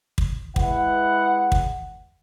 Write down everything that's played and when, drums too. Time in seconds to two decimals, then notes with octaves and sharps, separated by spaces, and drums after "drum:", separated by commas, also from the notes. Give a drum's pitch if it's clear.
0.18 drum: kick
0.56 G#3 E4 B4 F#5, drum: kick
1.52 drum: kick